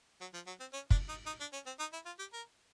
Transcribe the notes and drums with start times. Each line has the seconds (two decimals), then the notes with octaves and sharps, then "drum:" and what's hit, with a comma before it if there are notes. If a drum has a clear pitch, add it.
0.21 F#3
0.34 F3
0.47 F#3
0.60 C4
0.73 C#4
0.90 D4, drum: kick
1.09 D#4
1.26 D#4
1.40 D4
1.53 C#4
1.66 C4
1.79 D#4
1.93 E4
2.06 F4
2.19 G4
2.33 A#4